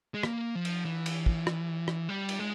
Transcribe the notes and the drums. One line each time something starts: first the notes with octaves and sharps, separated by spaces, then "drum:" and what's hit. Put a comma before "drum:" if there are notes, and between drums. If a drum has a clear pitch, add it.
G#3
A#3, drum: rim click
F3
drum: cymbal
E3
drum: cymbal
drum: kick
drum: rim click
drum: rim click
G3
drum: cymbal
G#3